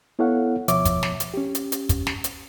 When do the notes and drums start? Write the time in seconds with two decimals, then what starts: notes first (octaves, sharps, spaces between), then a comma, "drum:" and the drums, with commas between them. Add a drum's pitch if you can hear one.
0.19 B3 E4 A4 C#5 F5 F#5
0.68 D2 B2 F3 C#5 E5 D6, drum: hi-hat
0.85 drum: kick, hi-hat
1.03 drum: snare
1.20 drum: hi-hat
1.34 C#4 G4
1.55 drum: hi-hat
1.72 drum: hi-hat
1.89 drum: kick, hi-hat
2.07 drum: snare
2.24 drum: hi-hat